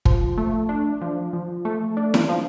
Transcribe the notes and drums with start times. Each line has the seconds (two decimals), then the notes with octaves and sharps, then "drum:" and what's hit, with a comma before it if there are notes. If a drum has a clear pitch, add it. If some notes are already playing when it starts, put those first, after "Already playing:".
0.05 F3, drum: kick
0.38 A3
0.69 D4
1.02 F3
1.33 F3
1.65 A3
1.97 D4
2.14 drum: snare E4
2.29 F3